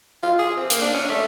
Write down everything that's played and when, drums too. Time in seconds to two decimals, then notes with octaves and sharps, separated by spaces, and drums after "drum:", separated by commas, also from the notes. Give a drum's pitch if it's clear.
0.23 F4
0.39 G#4
0.57 C4
0.70 A#3, drum: hi-hat
0.81 D4
0.94 C#4
1.09 A3